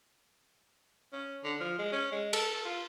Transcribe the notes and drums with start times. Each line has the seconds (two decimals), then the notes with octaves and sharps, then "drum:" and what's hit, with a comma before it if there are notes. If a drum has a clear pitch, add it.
1.13 C#4
1.44 D3
1.60 F3
1.78 G#3
1.92 C#4
2.12 G#3
2.33 A4, drum: cymbal
2.54 A4
2.65 F4